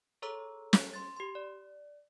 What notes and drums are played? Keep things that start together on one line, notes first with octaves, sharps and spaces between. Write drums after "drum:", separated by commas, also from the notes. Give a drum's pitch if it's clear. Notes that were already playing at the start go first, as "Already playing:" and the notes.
G#4 A4 C#5 A#5 E6
drum: snare
C6 A6
G4 C6
D5